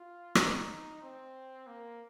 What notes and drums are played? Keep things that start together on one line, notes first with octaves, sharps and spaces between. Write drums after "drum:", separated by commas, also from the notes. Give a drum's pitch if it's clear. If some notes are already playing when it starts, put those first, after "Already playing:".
Already playing: F4
D#4, drum: rim click
C4
A#3